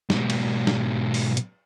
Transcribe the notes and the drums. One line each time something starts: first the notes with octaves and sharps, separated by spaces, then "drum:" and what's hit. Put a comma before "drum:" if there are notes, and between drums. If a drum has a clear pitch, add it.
G#2 B2, drum: snare
drum: cymbal
drum: snare
drum: open hi-hat
drum: hi-hat